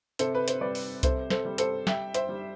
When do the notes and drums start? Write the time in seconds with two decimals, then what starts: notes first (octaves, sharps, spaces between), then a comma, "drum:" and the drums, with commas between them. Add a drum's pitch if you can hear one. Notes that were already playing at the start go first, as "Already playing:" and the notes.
0.19 C3 A4 C5, drum: hi-hat
0.35 B4
0.48 C5, drum: hi-hat
0.61 G3 B4 D5
0.75 drum: open hi-hat
1.03 C3 A4 C5, drum: kick C2, hi-hat
1.30 A4 C5, drum: snare
1.45 G3
1.58 A4 C5, drum: hi-hat
1.87 G3 E5 G5, drum: snare
2.14 C5 E5, drum: hi-hat
2.29 G3